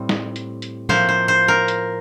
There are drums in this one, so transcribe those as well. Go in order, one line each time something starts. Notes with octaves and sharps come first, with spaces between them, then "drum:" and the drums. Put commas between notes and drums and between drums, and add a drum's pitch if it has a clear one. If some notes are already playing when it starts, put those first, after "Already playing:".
Already playing: A2 G3 C4
drum: snare
drum: hi-hat
drum: hi-hat
A2 F3 A#3 C5, drum: tom
C5
C5
A#4
drum: hi-hat